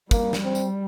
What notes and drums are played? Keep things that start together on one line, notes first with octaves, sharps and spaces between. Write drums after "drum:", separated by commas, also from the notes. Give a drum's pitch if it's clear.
G3 A#3, drum: kick, tambourine
drum: snare
C4
drum: tambourine